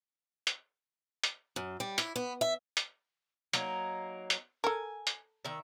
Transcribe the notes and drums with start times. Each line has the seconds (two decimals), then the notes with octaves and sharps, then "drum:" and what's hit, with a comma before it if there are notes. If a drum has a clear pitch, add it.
0.47 drum: hi-hat
1.24 drum: hi-hat
1.56 F#2
1.80 G3
1.98 E4, drum: hi-hat
2.16 B3
2.41 E5
2.77 drum: hi-hat
3.53 F#3 A#3 D#4, drum: hi-hat
4.30 drum: hi-hat
4.64 A4 A#4 G#5
5.07 drum: hi-hat
5.45 D#3 E5